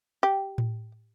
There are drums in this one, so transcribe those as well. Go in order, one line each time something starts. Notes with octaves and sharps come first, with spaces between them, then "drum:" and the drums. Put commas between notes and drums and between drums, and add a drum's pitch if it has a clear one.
G4
drum: tom A2